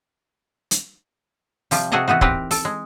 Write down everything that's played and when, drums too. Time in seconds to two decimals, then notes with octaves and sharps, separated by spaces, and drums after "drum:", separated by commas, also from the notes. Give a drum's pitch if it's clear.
0.71 drum: hi-hat
1.71 C3 F3 G3, drum: open hi-hat
1.92 C3 F#4 G#4 A4 D#5 A#5
2.08 E3 B3 D#4 F#4
2.21 C4 G4 A#4 B4, drum: kick
2.51 A4, drum: open hi-hat
2.65 G#3